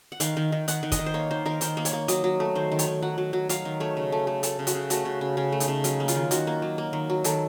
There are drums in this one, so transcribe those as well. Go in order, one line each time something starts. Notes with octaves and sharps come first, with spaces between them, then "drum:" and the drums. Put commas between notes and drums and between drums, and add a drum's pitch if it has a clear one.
F#5
D#3 F5, drum: hi-hat
D#3
D#3
D#3 F#5, drum: hi-hat
D#3
D#5, drum: kick, hi-hat
D#3
C5
A#3 C#5
D#3 C5
D#3 A#4
D#3 C5, drum: hi-hat
A#3
C#5, drum: hi-hat
A#3
F#3 D#5, drum: hi-hat
F#3
A3
D#3 C5
D#3
C#5, drum: hi-hat
D#3
F#3 F#5
F#3
F#3
F#3 F5, drum: hi-hat
D#3
A3 C#5
C#3
A3
A3
A3 A4, drum: hi-hat
C#3
F#4, drum: hi-hat
C#3
A3 F#4, drum: hi-hat
C#3
C#3
C#3 C#4
A3
D#4, drum: hi-hat
C#3
F#3 C#4, drum: hi-hat
A#3
F4, drum: hi-hat
D#3
D#3 F#4, drum: hi-hat
A#3
F#3
A#3
D#3
F#3
D#3 A4, drum: hi-hat